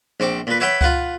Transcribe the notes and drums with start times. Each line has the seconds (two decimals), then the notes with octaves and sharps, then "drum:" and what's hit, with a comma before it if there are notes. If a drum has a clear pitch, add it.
0.20 A#1 C4 C#6 D6
0.47 A#2 B4
0.60 B4 C#5 E5 F#5 G5 B5
0.81 F4 B4 F#5, drum: kick C#2